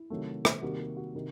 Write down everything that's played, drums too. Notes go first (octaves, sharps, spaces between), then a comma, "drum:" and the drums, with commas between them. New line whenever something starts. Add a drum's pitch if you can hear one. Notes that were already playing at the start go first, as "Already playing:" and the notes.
Already playing: E4
C3 D#3 F#3 A3
drum: rim click
C3 D#3 G3 A#3 F#4
G4
F#4
C3 D#3